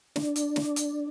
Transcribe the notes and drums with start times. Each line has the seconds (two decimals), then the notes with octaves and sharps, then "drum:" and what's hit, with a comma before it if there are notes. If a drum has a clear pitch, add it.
0.16 D4, drum: snare
0.36 drum: hi-hat
0.56 drum: snare
0.76 drum: hi-hat